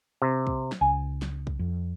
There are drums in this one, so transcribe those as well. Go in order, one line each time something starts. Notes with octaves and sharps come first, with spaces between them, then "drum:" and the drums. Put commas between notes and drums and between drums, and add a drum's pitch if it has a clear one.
C3
drum: kick
drum: snare
C#2 G#5
drum: snare
drum: kick
F2